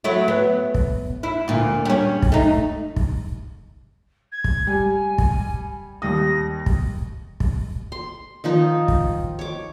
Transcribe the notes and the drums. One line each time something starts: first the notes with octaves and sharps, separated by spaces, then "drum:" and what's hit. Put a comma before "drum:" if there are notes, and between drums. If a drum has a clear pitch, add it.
F#3 A3 E4
B3
drum: kick
E4
D2 A#2
G3 C#4
drum: kick
A3 D#4
drum: kick
G#6
drum: kick
G3 G#5
drum: kick
D#2 G3 D#6 A#6
drum: kick
drum: kick
C6
D#3 F3 D#4
drum: kick
C#5 D6